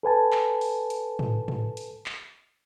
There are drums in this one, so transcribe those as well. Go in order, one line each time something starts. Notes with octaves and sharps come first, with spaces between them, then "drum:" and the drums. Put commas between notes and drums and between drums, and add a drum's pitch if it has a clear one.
A4 B4 G#5 A5
drum: clap
drum: open hi-hat
drum: hi-hat
drum: tom
drum: tom
drum: hi-hat
drum: clap